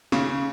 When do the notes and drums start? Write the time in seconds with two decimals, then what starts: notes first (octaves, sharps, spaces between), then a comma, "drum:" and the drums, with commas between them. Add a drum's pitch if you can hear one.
0.12 C#3, drum: snare